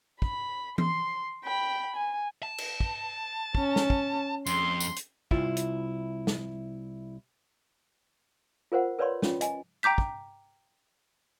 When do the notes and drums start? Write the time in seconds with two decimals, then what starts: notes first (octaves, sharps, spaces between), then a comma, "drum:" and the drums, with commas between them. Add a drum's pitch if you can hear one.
0.22 B5, drum: kick
0.78 C6, drum: tom E3
1.45 G5 B5
1.96 G#5
2.43 A5
2.58 drum: cymbal
2.80 drum: kick
3.55 C#4, drum: kick
3.76 drum: snare
3.90 drum: kick
4.47 F2 C6, drum: tambourine
4.80 drum: tambourine
4.96 drum: hi-hat
5.31 C2 E4 F4, drum: kick
5.57 drum: hi-hat
6.27 drum: snare
8.72 F4 A#4 C5 F#5
8.99 A#4 B4 C#5 D5 B5 C6
9.22 C#4 F4, drum: snare
9.41 D#5 G#5, drum: hi-hat
9.83 G5 A#5 D6 G6 B6
9.98 drum: kick